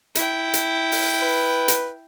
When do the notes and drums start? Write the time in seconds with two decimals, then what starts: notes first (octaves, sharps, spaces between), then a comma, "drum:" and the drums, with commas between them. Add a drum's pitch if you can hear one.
0.15 E4 G5, drum: hi-hat
0.54 drum: hi-hat
0.92 drum: open hi-hat
1.22 B4
1.68 drum: hi-hat